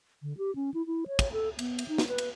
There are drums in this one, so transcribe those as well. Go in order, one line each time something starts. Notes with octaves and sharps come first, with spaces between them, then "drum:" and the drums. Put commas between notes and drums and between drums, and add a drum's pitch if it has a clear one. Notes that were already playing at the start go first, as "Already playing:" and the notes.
D3
G4
C#4
E4
E4
C#5
drum: kick, cymbal
A4
B3, drum: cymbal
drum: cymbal
D#4
drum: snare
B4
drum: cymbal